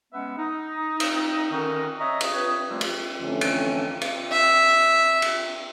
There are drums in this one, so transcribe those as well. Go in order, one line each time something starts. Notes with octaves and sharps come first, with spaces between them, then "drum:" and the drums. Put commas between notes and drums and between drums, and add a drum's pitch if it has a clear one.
G#3 B3 C#4 B4 E5 F#5
D#4
drum: cymbal
D3 D#3 C#4 D#4 F#4 A#4
C#5 D#5 E5 A#5 C#6 D#6
drum: cymbal
B4 C#5 D#6
F3 G3 A3 A#3 E4 F4
drum: cymbal
F2 D3 E3 A3 C#4
drum: cymbal
drum: cymbal
E5
drum: cymbal